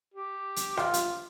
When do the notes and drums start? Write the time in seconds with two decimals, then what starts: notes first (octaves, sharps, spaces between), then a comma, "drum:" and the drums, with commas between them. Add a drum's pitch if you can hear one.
0.14 G4
0.56 drum: hi-hat
0.77 F4, drum: rim click
0.94 drum: hi-hat